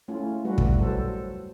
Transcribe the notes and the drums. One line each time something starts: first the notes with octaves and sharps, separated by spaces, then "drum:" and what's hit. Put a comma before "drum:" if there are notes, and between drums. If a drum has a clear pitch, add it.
A3 C#4 E4 F4
G3 A3 F4 F#4 B4
drum: kick
F#3 A4 C5